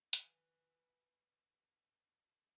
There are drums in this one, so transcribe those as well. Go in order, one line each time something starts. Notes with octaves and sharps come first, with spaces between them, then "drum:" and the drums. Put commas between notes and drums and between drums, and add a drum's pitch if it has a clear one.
B4 G#5, drum: hi-hat